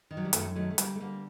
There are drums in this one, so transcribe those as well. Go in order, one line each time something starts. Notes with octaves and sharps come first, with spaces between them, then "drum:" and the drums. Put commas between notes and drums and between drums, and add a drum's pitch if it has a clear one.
D#3
F#3
G3
F#2 F#3 A3, drum: hi-hat
D#3 F#3 A3
A3
D3 G3 A#3, drum: hi-hat
A3
D3 G3 A#3